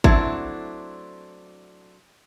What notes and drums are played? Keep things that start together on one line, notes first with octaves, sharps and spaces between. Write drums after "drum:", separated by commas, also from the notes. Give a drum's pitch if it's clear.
F#3 A3 C4 D4 E4, drum: kick G#1